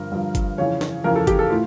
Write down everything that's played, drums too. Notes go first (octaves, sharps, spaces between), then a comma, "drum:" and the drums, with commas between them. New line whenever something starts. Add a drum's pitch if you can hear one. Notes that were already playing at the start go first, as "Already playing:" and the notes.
Already playing: G2 D3 F3 A#4
G2 D3 F3
drum: kick G1, hi-hat
F2 C#3 E3 C#5
drum: snare
F2 C#3 E3 A#4
A4
G4, drum: kick G1, hi-hat
A4
A2 F4